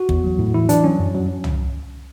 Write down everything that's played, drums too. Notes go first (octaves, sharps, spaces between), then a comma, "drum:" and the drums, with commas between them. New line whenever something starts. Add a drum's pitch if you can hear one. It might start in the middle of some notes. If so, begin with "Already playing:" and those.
Already playing: F#4
E2, drum: kick
F#3
A2
E3 E4
E3 D4, drum: hi-hat
F#3 C#4
F#2
F#3
drum: tom